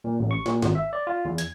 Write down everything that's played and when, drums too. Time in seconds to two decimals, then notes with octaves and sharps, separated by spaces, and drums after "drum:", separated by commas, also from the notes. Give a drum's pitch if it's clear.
0.04 A#2
0.19 A1
0.31 C#6
0.46 A#2, drum: snare
0.62 G#1, drum: snare
0.75 E5
0.93 D5
1.07 F4
1.25 E2
1.38 G#6, drum: hi-hat